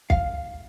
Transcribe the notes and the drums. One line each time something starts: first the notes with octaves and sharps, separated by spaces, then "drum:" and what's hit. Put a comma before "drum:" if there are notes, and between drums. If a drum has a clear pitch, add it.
F5, drum: kick